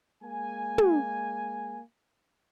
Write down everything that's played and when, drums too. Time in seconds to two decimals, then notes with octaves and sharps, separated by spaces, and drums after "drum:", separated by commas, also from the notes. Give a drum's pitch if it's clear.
0.22 G#3 A#3 G#5
0.78 drum: tom